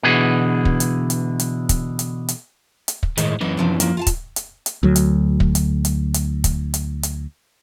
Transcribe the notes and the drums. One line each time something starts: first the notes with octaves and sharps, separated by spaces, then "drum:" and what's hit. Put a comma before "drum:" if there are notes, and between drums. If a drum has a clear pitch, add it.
B2 D3 E3 G#4
drum: kick
drum: hi-hat
drum: hi-hat
drum: hi-hat
drum: kick, hi-hat
drum: hi-hat
drum: hi-hat
drum: hi-hat
drum: kick
A2 D#3 G#3, drum: hi-hat
F#2 E3 D#5
C3 F3 D4
F3 A#3, drum: hi-hat
F4 F5 A5
drum: kick, hi-hat
drum: hi-hat
drum: hi-hat
D2 F#3
drum: hi-hat
drum: kick
drum: hi-hat
drum: hi-hat
drum: hi-hat
drum: kick, hi-hat
drum: hi-hat
drum: hi-hat